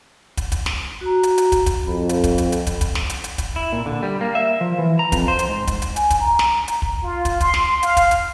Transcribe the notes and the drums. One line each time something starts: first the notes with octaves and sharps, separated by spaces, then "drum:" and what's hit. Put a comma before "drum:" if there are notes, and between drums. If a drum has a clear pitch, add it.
drum: kick, hi-hat
drum: kick, hi-hat
drum: snare
F#4 A#5
drum: hi-hat
drum: hi-hat
drum: kick, hi-hat
drum: kick, hi-hat
F2 A4 B5
drum: hi-hat
drum: kick, hi-hat
drum: hi-hat
drum: hi-hat
drum: kick, hi-hat
drum: kick, hi-hat
drum: snare
drum: hi-hat
drum: hi-hat
drum: kick, hi-hat
E4
A#2
D3
G3
A#3
E5
F3
E3
A#5
F2, drum: kick, hi-hat
C5
drum: hi-hat
G#2
drum: kick, hi-hat
drum: hi-hat
G#5, drum: hi-hat
drum: kick, hi-hat
A#5
drum: snare
drum: hi-hat
drum: kick
F4
drum: kick, hi-hat
C6, drum: kick, hi-hat
drum: snare
F5, drum: hi-hat
drum: kick, hi-hat
drum: hi-hat